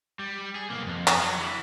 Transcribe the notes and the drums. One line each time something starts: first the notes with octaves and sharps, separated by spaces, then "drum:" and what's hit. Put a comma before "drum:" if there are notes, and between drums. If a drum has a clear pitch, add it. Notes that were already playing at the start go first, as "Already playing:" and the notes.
G3
G#4
B1 A#3
F2
drum: clap
F#3
E3